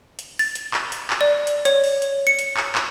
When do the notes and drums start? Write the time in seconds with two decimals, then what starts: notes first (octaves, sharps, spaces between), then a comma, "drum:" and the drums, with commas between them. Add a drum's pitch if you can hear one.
0.19 drum: hi-hat
0.39 A6, drum: open hi-hat
0.55 drum: hi-hat
0.74 drum: clap
0.92 drum: hi-hat
1.10 drum: clap
1.21 D5
1.47 drum: hi-hat
1.65 C#5, drum: hi-hat
1.84 drum: open hi-hat
2.02 drum: hi-hat
2.27 C#7
2.39 drum: hi-hat
2.57 drum: clap
2.75 drum: clap